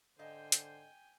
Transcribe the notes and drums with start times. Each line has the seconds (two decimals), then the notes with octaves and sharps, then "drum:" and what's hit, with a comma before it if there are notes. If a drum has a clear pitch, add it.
0.19 G#2 D3 C5 D#5 F5 G5 G#5
0.52 drum: hi-hat